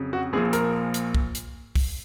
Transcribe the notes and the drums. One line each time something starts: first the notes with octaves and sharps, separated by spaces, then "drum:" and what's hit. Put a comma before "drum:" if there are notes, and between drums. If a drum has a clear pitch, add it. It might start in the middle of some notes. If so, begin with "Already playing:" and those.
Already playing: F2 C#3 F#3
F#4
A#1 A#2 F3 G#4
A#4, drum: hi-hat
drum: hi-hat
drum: kick
drum: hi-hat
drum: kick, open hi-hat